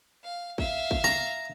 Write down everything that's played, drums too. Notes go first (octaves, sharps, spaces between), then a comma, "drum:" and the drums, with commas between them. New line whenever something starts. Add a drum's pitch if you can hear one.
F5
E5 F5, drum: kick
drum: kick
A#5, drum: snare